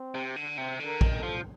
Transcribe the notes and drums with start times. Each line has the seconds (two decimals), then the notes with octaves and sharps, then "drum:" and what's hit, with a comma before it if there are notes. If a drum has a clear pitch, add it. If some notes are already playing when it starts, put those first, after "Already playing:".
Already playing: C4
0.15 C3
0.36 D3
0.58 C3 C4
0.79 D3
0.86 A#4
1.01 D#3, drum: kick A#1
1.16 A4
1.23 F3